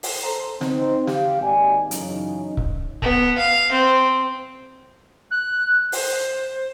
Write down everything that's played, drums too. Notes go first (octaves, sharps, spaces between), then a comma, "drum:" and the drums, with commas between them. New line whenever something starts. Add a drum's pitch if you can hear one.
drum: open hi-hat
A4 C5 A#5
C4 D#4 C5, drum: snare
G4 F5, drum: snare
G#1 A#3 D#4 G4 D5 G#5
F#2 C#3 E3 C#4 D#4, drum: hi-hat
drum: kick C#1
B3, drum: kick C#1
F5
C4
F#6
C5, drum: open hi-hat